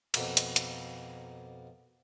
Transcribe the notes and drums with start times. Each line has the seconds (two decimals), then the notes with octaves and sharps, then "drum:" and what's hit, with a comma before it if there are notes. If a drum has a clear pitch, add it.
0.14 F2 B2 A#3, drum: cymbal
0.37 drum: hi-hat
0.56 drum: hi-hat